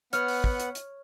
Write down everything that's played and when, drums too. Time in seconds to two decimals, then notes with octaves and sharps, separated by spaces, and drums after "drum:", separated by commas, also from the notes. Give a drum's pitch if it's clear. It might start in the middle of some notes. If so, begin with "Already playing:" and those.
0.13 B3 C#5 F#5 F6, drum: hi-hat
0.28 drum: open hi-hat
0.44 drum: kick
0.60 drum: hi-hat
0.75 drum: hi-hat